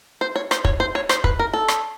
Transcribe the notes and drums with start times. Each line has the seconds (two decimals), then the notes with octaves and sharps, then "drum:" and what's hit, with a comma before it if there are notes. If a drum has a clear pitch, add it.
0.21 C5
0.36 C#5
0.51 C5, drum: rim click
0.65 C#5, drum: kick
0.80 C5
0.95 C#5
1.09 C5, drum: rim click
1.24 B4, drum: kick
1.39 A#4
1.53 A4
1.68 drum: rim click